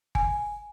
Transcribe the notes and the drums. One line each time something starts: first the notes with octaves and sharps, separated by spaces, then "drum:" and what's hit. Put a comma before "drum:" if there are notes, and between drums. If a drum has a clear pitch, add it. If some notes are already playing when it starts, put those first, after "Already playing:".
G#5, drum: kick G1